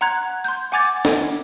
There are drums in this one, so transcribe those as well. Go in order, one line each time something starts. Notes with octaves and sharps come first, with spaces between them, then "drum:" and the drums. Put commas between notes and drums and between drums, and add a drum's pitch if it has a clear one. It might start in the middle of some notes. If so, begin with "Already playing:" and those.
F#5 A#5 C6 F#6 G#6
C6 G6, drum: tambourine
F#5 G#5 D6 G#6 A6
drum: tambourine
drum: snare